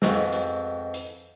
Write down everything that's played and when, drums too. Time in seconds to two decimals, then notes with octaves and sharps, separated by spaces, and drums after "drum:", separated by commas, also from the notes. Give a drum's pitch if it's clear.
0.02 F2 G#2 B2 C4, drum: snare
0.33 drum: hi-hat
0.94 drum: hi-hat